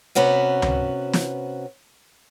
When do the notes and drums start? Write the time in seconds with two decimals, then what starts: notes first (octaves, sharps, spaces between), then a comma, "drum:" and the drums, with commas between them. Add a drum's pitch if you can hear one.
0.15 C3 B3 C#4 F#4 B4
0.62 drum: tom C#2
1.13 drum: snare